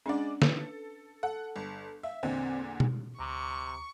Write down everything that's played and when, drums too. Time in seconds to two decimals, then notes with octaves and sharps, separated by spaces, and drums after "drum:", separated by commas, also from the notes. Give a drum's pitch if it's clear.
0.06 G#3 C#4 D4 D5 F#5
0.42 A4 B4, drum: snare
1.23 A4 F#5
1.56 G1
2.03 E5 F5
2.23 E2 A#2 D3 C4 D#5
2.80 drum: tom
3.19 D2 C3 A#5 C#6 D6